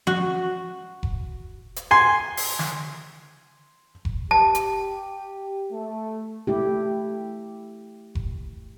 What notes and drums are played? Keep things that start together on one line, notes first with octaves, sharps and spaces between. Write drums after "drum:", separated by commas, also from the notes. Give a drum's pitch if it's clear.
F#4, drum: tom F3
drum: kick F1
drum: hi-hat
G#5 C6
drum: open hi-hat
drum: snare
drum: kick F1
G4 A5
drum: hi-hat
A3
A3 E4 G4
drum: kick F1